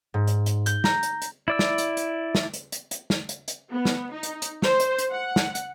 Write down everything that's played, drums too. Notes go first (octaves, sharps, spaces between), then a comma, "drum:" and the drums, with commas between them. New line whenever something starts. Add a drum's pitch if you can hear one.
G#2
drum: hi-hat
drum: hi-hat
G6, drum: hi-hat
A#5, drum: snare
drum: hi-hat
drum: hi-hat
E4 D5 E6
drum: snare
drum: hi-hat
drum: hi-hat
drum: snare
drum: hi-hat
drum: hi-hat
drum: hi-hat
drum: snare
drum: hi-hat
drum: hi-hat
B3
drum: snare
D#4
drum: hi-hat
drum: hi-hat
C5, drum: snare
drum: hi-hat
drum: hi-hat
F#5
drum: snare
drum: hi-hat